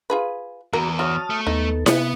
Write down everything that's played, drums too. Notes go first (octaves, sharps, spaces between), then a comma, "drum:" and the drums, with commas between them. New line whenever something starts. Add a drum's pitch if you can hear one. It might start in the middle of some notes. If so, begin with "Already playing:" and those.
F4 G#4 B4
E2 F#4 A#4
F#4 C#5 A5 D#6 F6
A3
D#2 B3 D#4 A4
C3 B3, drum: snare E4